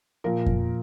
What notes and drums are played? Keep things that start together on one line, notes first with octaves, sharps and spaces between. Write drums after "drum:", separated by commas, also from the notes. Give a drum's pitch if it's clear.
A#2 F3 A#4
drum: kick F2